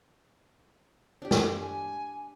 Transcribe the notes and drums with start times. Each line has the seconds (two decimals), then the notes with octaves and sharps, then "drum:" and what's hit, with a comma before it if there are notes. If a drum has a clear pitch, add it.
1.22 D4 G4
1.31 drum: snare
1.60 G#5